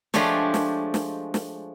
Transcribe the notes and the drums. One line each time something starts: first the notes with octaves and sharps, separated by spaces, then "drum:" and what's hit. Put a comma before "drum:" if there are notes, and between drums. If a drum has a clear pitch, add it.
F3 G#3 A3 D4 G4 C#5, drum: snare
drum: snare
drum: snare
drum: snare